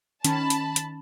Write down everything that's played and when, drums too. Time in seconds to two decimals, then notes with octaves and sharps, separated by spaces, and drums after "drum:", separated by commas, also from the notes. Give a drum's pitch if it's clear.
0.25 D#3 C#4 A5 B5, drum: hi-hat
0.50 drum: hi-hat
0.76 drum: hi-hat